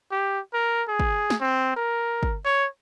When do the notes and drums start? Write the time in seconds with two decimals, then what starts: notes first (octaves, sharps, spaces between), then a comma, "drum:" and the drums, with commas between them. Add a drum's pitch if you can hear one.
0.12 G4
0.54 A#4
0.88 G#4
1.00 drum: kick
1.30 drum: snare
1.41 C4
1.76 A#4
2.23 drum: kick
2.45 C#5